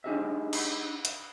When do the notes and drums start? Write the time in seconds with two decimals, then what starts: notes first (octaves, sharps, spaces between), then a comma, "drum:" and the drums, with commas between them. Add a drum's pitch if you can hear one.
0.04 D4 D#4 G4 G#4 D#5 E5
0.53 drum: cymbal
1.05 drum: hi-hat